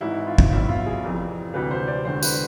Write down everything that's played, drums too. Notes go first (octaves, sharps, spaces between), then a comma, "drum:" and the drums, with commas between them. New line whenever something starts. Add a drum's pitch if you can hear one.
G#1 G#2 E3 E4
F4
drum: kick G#1
B1 B2 E4
F4
G#4
F1 F2 E3
E1 D2 C3 E3 B4
C5
D5
E1 E2 D3 C5
B4, drum: tambourine